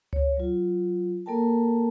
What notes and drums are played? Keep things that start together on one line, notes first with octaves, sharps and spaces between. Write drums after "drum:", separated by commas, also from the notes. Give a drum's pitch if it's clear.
C#5, drum: tom C#2
F#3 F4
A#3 A4 A#4 G5 A5